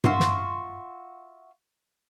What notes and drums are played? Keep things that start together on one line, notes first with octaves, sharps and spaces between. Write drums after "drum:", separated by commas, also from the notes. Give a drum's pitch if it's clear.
F4 F#4 E5 C6, drum: tom G2
drum: snare